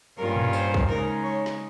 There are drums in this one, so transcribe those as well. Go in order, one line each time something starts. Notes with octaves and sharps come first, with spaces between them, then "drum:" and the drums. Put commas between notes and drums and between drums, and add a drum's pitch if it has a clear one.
G2 G3 A#3 C#4 F4 A#4
drum: tom A2
C5, drum: tambourine
drum: kick
C#3 G#3 D#4 A#4
C#5
drum: snare